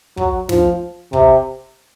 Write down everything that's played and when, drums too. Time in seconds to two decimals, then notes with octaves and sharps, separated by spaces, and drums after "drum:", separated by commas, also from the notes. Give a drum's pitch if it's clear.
0.17 F#3, drum: kick
0.49 F3, drum: snare
1.13 C3, drum: kick